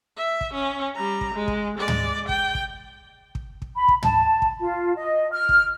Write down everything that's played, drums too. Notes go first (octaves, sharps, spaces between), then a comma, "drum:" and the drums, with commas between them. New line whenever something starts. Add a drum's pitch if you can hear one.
E5
drum: kick
C#4
G3 A#5
drum: kick
G#3
drum: kick
G#3 D5
drum: tom
G5, drum: kick
drum: kick
drum: kick
drum: kick
B5
drum: kick
A5, drum: tom
drum: kick
F4
D#5
F6
drum: kick